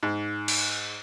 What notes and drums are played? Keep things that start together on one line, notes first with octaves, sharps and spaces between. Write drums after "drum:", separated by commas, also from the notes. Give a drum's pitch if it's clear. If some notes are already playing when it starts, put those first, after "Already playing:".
G#2
drum: cymbal